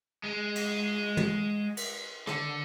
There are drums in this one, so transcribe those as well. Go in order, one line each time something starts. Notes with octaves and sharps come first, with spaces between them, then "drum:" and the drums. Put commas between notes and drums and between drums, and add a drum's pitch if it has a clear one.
G#3
drum: cymbal
drum: tom
drum: cymbal
D3, drum: rim click